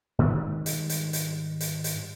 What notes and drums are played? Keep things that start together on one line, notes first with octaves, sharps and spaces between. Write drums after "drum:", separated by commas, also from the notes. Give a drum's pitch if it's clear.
G#2 D#3 G3 G#3
drum: hi-hat
drum: hi-hat
drum: hi-hat
drum: hi-hat
drum: hi-hat